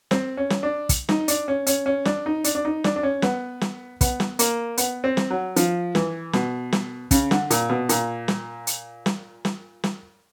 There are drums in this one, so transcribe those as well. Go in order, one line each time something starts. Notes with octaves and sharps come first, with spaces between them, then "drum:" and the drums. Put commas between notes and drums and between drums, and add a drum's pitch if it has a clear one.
C4, drum: snare
C#4
drum: snare
D4
drum: kick, hi-hat
D#4, drum: snare
D4, drum: hi-hat
C#4
C#4, drum: hi-hat
C#4
D4, drum: snare
D#4
D4, drum: hi-hat
D4
D#4
D4, drum: snare
D4
C#4
B3, drum: snare
drum: snare
B3, drum: kick, hi-hat
drum: snare
A#3, drum: hi-hat
B3, drum: hi-hat
C4
drum: snare
F#3
F3, drum: hi-hat
E3, drum: snare
B2, drum: snare
drum: snare
C#3, drum: kick, hi-hat
D3, drum: snare
A#2, drum: hi-hat
B2
A#2, drum: hi-hat
drum: snare
drum: hi-hat
drum: snare
drum: snare
drum: snare